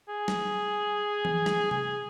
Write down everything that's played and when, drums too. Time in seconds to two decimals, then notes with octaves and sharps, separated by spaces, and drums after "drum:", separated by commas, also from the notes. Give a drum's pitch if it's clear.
0.09 G#4
0.28 drum: snare
1.25 drum: tom E3
1.46 drum: snare
1.71 G#4, drum: tom C3